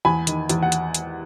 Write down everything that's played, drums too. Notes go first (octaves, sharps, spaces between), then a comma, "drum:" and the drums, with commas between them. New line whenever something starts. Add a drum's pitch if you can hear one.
E2 G#5 B5
D#3, drum: hi-hat
E2, drum: hi-hat
F#5
drum: hi-hat
drum: hi-hat